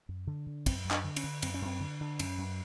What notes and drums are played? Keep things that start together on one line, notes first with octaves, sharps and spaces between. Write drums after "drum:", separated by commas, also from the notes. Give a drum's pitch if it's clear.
F#2
D3
D3
F#2 C4, drum: kick, cymbal
F#2
D4, drum: clap
D3
C#4, drum: cymbal
D3
F#2 C4, drum: cymbal
C#4
F#2 C4
D3
D3
F#2 C#4, drum: cymbal
F#2